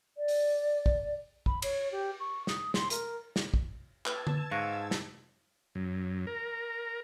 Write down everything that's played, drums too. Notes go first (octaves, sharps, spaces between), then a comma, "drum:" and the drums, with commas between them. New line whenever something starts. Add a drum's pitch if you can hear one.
D5
drum: open hi-hat
drum: kick
B5, drum: kick
C#5, drum: cymbal
G4
C#6
D#6, drum: snare
C6, drum: snare
A#4, drum: hi-hat
drum: snare
drum: kick
B4 A5 E6 G#6, drum: clap
drum: tom D3
G#2 F5 C#6 F#6 A#6
drum: snare
F#2
A#4